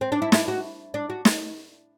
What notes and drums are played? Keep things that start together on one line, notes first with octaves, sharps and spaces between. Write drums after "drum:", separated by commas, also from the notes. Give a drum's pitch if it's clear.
C4
D4
E4
E4, drum: snare
F#4
D4
F#4
drum: snare